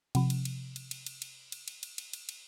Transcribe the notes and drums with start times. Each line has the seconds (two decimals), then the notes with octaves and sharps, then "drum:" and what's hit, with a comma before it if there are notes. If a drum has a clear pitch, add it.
0.15 C3 F3, drum: cymbal
0.30 drum: cymbal
0.45 drum: cymbal
0.76 drum: cymbal
0.91 drum: cymbal
1.06 drum: cymbal
1.22 drum: cymbal
1.52 drum: cymbal
1.68 drum: cymbal
1.83 drum: cymbal
1.98 drum: cymbal
2.13 drum: cymbal
2.29 drum: cymbal